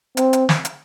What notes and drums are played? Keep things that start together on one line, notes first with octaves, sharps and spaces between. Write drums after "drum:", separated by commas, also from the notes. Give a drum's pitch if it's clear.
C4, drum: hi-hat
drum: hi-hat
drum: snare
drum: hi-hat